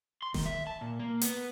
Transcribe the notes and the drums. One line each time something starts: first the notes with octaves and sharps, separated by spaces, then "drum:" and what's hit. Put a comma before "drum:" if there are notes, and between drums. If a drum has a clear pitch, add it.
C6
D#3, drum: snare D#1
E5
A5
A#2
A#3
B3, drum: hi-hat